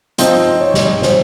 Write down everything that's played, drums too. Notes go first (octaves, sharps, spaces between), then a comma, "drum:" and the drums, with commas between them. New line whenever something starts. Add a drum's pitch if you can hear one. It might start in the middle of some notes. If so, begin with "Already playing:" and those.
F3 C4 D#4 C5, drum: hi-hat
C#5
drum: snare
C5, drum: snare